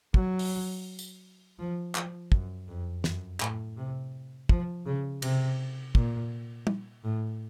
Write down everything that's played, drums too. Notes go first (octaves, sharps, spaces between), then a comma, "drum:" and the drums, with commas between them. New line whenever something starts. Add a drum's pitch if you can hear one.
F#3, drum: kick
drum: open hi-hat
drum: tambourine
F3
F3, drum: clap
F#2, drum: kick
F2
F#2, drum: snare
A2, drum: clap
C3
F3, drum: kick
C#3
C3, drum: cymbal
A#2, drum: kick
drum: tom
A2